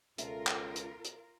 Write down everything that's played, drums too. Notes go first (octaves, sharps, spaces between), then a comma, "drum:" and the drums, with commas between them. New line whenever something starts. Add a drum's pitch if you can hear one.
C#2 B2 F4 A4 A#4 E5, drum: hi-hat
drum: clap
drum: hi-hat
drum: hi-hat